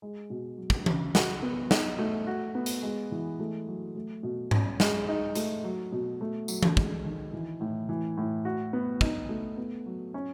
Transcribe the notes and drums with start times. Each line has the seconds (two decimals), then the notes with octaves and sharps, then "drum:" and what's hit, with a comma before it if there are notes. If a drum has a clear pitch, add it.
0.02 G#3
0.30 B2
0.58 F#3
0.70 drum: kick
0.86 C#3, drum: tom E3
1.15 F#4, drum: snare
1.43 B3
1.71 D#4, drum: snare
1.99 A3
2.27 F#4
2.55 B3
2.66 drum: hi-hat
2.82 G#3
3.12 E3
3.39 A3
3.67 F#3
3.96 A3
4.23 B2
4.51 C#4, drum: tom G#2
4.80 G#3, drum: snare
5.08 D#4
5.35 A3, drum: hi-hat
5.64 F#3
5.92 B2
6.21 A3
6.48 F#3, drum: tambourine
6.63 drum: tom E3
6.77 G#3, drum: kick
7.05 D#3
7.33 E3
7.61 A2
7.89 E3
8.17 A2
8.45 F#4
8.73 B3
9.01 D#4, drum: kick
9.29 A3
9.57 B3
9.86 F#3
10.14 C#4